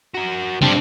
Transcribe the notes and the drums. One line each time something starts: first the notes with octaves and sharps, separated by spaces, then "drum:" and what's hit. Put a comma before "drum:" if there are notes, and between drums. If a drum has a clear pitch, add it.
F#4 A#4
F2 G3 C4 D4, drum: tom